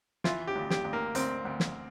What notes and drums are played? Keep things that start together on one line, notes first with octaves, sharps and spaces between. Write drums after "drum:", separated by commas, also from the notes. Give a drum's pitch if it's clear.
E3 F4, drum: snare
G4
D2
G4, drum: snare
D2
A#3
D2 C4, drum: hi-hat
D2
drum: snare